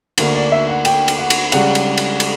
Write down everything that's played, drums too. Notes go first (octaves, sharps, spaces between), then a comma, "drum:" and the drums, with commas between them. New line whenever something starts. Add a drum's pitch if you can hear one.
D2 D3 A#3, drum: cymbal
D5
E5
F#5
G5, drum: cymbal
drum: cymbal
F#5
drum: cymbal
C#2 C#3 G3 F#5, drum: cymbal
drum: cymbal
drum: cymbal
drum: cymbal